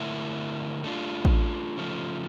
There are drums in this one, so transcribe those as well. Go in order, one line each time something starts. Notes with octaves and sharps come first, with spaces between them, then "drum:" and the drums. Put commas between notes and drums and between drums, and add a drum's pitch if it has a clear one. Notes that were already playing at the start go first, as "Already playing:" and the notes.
Already playing: D3 A3 E4 A#4 E5
A3 D4 F4
drum: kick A1
C#3 F3 A3